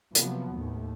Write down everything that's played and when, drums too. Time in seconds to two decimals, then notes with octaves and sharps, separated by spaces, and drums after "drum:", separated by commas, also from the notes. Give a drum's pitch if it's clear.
0.15 C3 F3 F#3 A#3 B3, drum: hi-hat
0.54 D#2 A2 A3